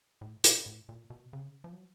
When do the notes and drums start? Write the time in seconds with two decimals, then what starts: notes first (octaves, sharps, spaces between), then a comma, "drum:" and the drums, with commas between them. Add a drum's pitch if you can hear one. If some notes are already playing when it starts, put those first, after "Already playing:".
0.21 A2
0.44 A#2, drum: hi-hat
0.66 A2
0.89 A#2
1.10 B2
1.33 C#3
1.64 F3
1.72 F#3